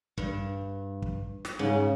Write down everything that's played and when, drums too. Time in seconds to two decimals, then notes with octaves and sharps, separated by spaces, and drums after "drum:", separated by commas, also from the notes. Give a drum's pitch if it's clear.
0.18 G2, drum: kick
1.02 drum: kick
1.45 drum: snare
1.59 G#2 C#3